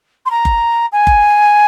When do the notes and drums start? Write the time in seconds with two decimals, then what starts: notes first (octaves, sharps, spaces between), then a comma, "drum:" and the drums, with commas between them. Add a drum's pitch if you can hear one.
0.25 C6
0.30 A#5
0.45 drum: kick F#1
0.92 G#5
1.07 drum: kick F#1